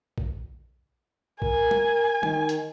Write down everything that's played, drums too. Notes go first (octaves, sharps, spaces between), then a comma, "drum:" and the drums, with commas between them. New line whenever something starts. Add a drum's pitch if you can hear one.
drum: kick
A#4 G#5, drum: kick
drum: tom
D#3, drum: tom
drum: hi-hat